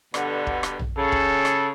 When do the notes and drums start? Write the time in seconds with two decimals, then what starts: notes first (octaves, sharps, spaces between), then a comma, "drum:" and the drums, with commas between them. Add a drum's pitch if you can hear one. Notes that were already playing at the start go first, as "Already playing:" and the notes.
0.14 G2 B2 D3, drum: rim click
0.47 drum: kick
0.63 drum: rim click
0.79 drum: tom A#1
0.98 C#3 A4
1.12 drum: kick
1.45 drum: rim click